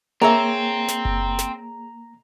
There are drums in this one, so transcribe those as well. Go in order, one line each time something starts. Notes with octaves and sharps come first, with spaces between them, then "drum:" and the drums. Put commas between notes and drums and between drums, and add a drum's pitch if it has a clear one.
A#3 C4 G#4 C#5 E5 A#5
drum: snare
drum: kick F#1
drum: snare